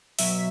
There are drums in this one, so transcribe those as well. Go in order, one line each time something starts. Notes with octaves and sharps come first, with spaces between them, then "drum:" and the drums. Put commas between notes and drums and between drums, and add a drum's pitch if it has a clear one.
B2 F#3 E5, drum: open hi-hat